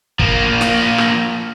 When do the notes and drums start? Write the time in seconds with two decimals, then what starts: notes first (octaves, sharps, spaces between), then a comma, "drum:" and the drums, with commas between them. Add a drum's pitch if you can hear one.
0.19 F3 A#3, drum: kick
0.61 drum: snare
0.98 drum: rim click